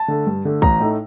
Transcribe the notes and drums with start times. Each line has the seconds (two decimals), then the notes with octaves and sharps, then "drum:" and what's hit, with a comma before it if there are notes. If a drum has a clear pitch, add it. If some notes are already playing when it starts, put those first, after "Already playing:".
Already playing: A5
0.08 D3 A3
0.27 G2
0.45 D3 A3
0.62 A1 A#5, drum: kick
0.80 A2 A3 D#4